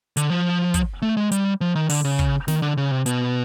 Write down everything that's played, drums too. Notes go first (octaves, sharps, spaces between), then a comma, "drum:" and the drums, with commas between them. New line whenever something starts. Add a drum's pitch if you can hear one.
D3, drum: hi-hat
F3
drum: kick, hi-hat
A3
G#3
G3, drum: hi-hat
F3
D#3
D3, drum: open hi-hat
C#3
drum: kick
D#3, drum: snare
D3
C#3
C3
B2, drum: hi-hat